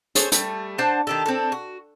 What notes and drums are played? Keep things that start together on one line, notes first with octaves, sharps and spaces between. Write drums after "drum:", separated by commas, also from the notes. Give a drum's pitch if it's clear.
G#4 A4 C5 C#5, drum: hi-hat
G3 A3, drum: hi-hat
D4 C5 F#5 A5
D#3 G4 A4
C4 D4 A4
F#4